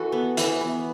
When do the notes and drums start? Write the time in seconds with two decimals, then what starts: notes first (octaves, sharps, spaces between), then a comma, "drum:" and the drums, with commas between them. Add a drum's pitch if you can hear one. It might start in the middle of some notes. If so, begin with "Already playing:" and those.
Already playing: E3 F#4 A4 B4
0.12 B3
0.37 E3, drum: hi-hat
0.61 B3